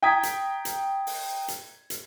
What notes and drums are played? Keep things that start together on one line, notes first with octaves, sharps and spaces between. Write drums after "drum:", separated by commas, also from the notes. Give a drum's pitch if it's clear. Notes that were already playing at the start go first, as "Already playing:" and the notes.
G5 A#5 D#6 G#6 B6
drum: hi-hat
drum: hi-hat
drum: open hi-hat
drum: hi-hat
drum: hi-hat